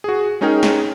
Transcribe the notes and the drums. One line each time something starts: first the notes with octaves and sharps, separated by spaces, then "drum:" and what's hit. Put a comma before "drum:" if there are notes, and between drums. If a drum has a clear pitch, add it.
F#4 G#4
G#3 C#4 D#4 G#4 A#4 G5
drum: snare